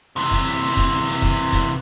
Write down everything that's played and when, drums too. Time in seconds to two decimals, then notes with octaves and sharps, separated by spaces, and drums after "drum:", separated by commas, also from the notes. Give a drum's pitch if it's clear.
0.16 C3 E3
0.31 drum: kick, hi-hat
0.61 drum: hi-hat
0.77 drum: kick, hi-hat
1.07 drum: hi-hat
1.22 drum: kick, hi-hat
1.52 drum: kick, hi-hat